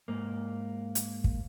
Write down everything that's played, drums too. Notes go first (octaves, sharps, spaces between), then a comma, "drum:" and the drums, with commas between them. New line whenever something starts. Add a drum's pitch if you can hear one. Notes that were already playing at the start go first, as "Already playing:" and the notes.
G#2 A#3
drum: hi-hat
drum: kick